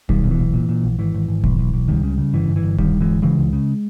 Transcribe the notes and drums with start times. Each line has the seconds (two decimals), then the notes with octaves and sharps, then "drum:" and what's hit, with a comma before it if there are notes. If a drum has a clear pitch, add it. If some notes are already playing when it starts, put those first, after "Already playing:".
0.09 B1 D#3 G3, drum: kick D1
0.24 B2
0.31 E3
0.39 B1
0.54 A#2
0.69 A#2
0.83 A#1
0.98 G#1 E3
1.14 G#1
1.28 G#1
1.44 B1, drum: kick D1
1.59 B1
1.74 B1
1.88 C#2 D#3 G3
2.03 C#3
2.18 C#3
2.33 G1 E3
2.49 G1
2.56 E3
2.63 G1
2.78 G2 D#3 G3, drum: kick D1
2.93 G1
3.01 E3 G#3
3.09 G1
3.22 C#3 E3 G#3
3.38 C#2
3.53 C#3